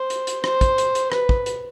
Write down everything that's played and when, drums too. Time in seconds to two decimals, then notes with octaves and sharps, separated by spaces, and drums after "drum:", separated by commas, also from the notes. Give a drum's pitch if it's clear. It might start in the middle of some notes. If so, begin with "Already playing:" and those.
Already playing: C5
0.10 drum: hi-hat
0.27 drum: hi-hat
0.44 C5, drum: rim click
0.61 drum: kick, hi-hat
0.78 drum: hi-hat
0.95 drum: hi-hat
1.12 B4, drum: rim click
1.29 drum: kick
1.46 drum: hi-hat